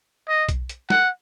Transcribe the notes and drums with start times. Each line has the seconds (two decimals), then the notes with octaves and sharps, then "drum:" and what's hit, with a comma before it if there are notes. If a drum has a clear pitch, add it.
0.28 D#5
0.49 drum: kick B1, hi-hat
0.69 drum: hi-hat
0.90 F#5, drum: snare